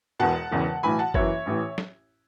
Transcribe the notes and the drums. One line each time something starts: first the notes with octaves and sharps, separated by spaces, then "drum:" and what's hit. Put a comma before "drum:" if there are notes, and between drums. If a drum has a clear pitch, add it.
E1 E2 B2 F#5 A5
E1 E2 C#3 E3
B1 A2 E3 G#5 B5
F#5 A5
F#1 F#2 E3 C#5 E5, drum: kick G1
A1 A2 E3
drum: snare